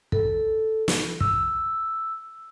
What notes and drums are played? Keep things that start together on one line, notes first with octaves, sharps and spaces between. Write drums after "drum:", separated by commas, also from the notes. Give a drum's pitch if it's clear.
A4, drum: kick
drum: snare
E6, drum: kick